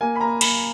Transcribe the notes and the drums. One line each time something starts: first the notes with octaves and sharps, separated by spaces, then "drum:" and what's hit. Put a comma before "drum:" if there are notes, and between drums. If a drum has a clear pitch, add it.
A#3 G#5
B5
A#3 A#5
A#3 B5, drum: cymbal